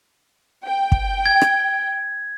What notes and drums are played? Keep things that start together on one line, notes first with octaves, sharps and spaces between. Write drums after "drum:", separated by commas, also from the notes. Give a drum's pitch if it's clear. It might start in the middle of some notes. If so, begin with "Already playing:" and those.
G5
drum: kick
G#6
drum: rim click